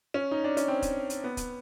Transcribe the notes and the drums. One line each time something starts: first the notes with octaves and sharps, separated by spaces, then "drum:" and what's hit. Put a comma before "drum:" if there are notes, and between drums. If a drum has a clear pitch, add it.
C#4
D#4
D4
C#4, drum: hi-hat
C4
drum: kick, hi-hat
drum: hi-hat
B3
drum: kick, hi-hat